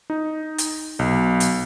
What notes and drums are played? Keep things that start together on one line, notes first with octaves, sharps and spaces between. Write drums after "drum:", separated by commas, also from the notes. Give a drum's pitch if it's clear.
D#4
drum: hi-hat
B1
drum: hi-hat